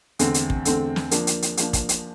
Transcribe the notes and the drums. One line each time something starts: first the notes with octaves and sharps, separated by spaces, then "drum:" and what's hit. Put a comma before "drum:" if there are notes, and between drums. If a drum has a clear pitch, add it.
E2 D3 A3 C4, drum: hi-hat
drum: hi-hat
drum: kick
E2 D3 A3 C4, drum: hi-hat
drum: snare
F3 A#3 D4, drum: hi-hat
drum: hi-hat
drum: hi-hat
F3 A#3 D4, drum: hi-hat
drum: kick, hi-hat
drum: hi-hat